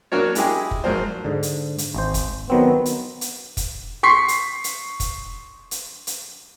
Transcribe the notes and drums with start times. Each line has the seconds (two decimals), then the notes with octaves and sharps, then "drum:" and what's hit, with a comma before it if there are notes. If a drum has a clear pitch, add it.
0.12 F#3 A#3 D4 F#4 A#4 C#5
0.35 G#3 E4 G4 G#4, drum: hi-hat
0.71 drum: kick
0.84 G#2 F3 F#3 A#4 C5
1.24 G#2 D3
1.43 drum: hi-hat
1.78 drum: hi-hat
1.95 G#1 C5
2.14 drum: kick, hi-hat
2.50 D#3 F#3 B3 C4
2.85 drum: hi-hat
3.21 drum: hi-hat
3.57 drum: kick, hi-hat
4.03 C6 C#6 B6 C7
4.28 drum: hi-hat
4.64 drum: hi-hat
5.00 drum: kick, hi-hat
5.71 drum: hi-hat
6.07 drum: hi-hat